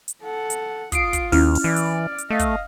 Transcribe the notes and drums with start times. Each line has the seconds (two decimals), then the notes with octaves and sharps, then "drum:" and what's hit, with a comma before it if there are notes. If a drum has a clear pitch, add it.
0.08 drum: hi-hat
0.23 A4 F#5
0.50 drum: hi-hat
0.92 F4 D#6 C7 D7, drum: kick, hi-hat
1.13 drum: kick, hi-hat
1.32 D#2 C#4 E4 F6, drum: open hi-hat
1.55 drum: open hi-hat
1.64 E3 D5
1.76 drum: hi-hat
2.18 drum: hi-hat
2.30 A3 D#5 F5
2.39 drum: kick, hi-hat